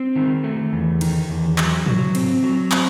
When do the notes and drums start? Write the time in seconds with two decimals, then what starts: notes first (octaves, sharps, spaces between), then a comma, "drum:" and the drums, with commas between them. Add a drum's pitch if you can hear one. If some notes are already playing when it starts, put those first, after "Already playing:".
Already playing: C4
0.16 D#3
0.44 A3
0.73 E2
1.01 D#3, drum: cymbal
1.29 E2
1.58 F#3, drum: clap
1.86 F#3, drum: tom G#2
2.15 C4, drum: cymbal
2.44 F#3
2.72 C4, drum: clap